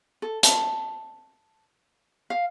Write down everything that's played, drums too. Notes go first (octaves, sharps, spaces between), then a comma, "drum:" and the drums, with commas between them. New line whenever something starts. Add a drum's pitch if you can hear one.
A4
A5, drum: hi-hat
F5